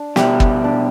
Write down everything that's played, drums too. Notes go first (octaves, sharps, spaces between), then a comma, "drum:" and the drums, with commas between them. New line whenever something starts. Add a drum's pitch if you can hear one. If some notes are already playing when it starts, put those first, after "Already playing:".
Already playing: D4
B2 G3 E4 G4, drum: snare
drum: kick
D4